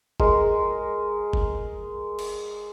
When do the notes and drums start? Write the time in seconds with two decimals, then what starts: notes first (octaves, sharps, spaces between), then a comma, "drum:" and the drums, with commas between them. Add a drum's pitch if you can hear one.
0.20 G#3 A#4, drum: kick F#1
1.33 drum: kick F#1
2.19 drum: cymbal